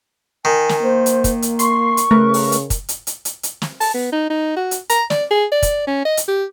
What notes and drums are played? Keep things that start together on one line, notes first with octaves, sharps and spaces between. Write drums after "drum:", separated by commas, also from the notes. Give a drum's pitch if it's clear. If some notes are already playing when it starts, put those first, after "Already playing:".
D#3 G#5
drum: snare
A#3 C5
drum: hi-hat
drum: kick, hi-hat
drum: hi-hat
C6 C#6 C7, drum: hi-hat
drum: hi-hat
C#3 A3 A#4 B4
drum: open hi-hat
drum: hi-hat
drum: kick, hi-hat
drum: hi-hat
drum: hi-hat
drum: hi-hat
drum: hi-hat
drum: snare
A5, drum: open hi-hat
B3
D#4
D#4
F#4
drum: hi-hat
A#5, drum: hi-hat
D5, drum: snare
G#4
D5
drum: kick, hi-hat
C#4
D#5
drum: hi-hat
G4